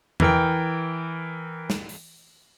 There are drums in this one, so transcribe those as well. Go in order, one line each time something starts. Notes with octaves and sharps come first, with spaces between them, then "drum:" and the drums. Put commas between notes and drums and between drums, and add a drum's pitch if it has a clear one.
E3 A#4 G5, drum: tom E2
drum: snare
drum: open hi-hat